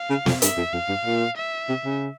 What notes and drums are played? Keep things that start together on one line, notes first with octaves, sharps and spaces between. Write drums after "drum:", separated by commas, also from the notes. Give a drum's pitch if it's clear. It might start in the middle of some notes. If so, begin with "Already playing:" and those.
Already playing: F5
C#3
F2, drum: snare
G2 E5, drum: hi-hat
F2
F2 F5
G2
A#2
E5
C3
C#3